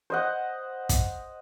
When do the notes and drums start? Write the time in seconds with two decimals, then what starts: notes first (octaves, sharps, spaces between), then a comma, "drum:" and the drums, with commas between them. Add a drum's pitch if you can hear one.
0.10 C5 D#5 F#5
0.89 drum: kick, hi-hat